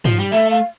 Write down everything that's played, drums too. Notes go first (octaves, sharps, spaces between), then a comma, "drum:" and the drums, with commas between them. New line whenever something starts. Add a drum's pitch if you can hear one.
F3, drum: tom
G3
A3 E5
F5